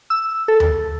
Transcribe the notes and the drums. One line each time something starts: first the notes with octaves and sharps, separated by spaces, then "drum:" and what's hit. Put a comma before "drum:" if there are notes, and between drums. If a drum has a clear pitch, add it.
E6
A4
drum: tom D#2